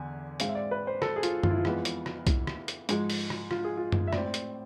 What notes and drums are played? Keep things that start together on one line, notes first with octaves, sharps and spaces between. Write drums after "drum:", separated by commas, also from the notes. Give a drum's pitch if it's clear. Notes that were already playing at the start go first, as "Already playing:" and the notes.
Already playing: E2 D3 G#5
G#2 G#3 C4 F5, drum: hi-hat
E5
D5
B4
C5
A4, drum: rim click
G#4
F4, drum: hi-hat
F4, drum: tom F#2
E4
F4
F2 E3 G#3 B3, drum: rim click
drum: hi-hat
drum: rim click
E4, drum: kick, hi-hat
drum: rim click
drum: hi-hat
G#2 F3 G#3, drum: hi-hat
drum: open hi-hat
drum: rim click
F4, drum: rim click
G#4
F4
drum: tom F#2
E5
A2 G#3 C4 D5, drum: rim click
drum: hi-hat